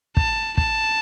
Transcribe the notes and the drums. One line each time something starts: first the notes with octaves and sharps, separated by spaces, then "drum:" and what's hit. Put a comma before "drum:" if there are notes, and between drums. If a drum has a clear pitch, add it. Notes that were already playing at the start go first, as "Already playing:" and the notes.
A5, drum: kick
A5, drum: kick